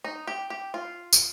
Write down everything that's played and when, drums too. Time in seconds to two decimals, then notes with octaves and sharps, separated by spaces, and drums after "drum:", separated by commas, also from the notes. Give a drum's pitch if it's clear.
0.04 D#4
0.27 G4
0.50 G4
0.74 F4
1.13 drum: tambourine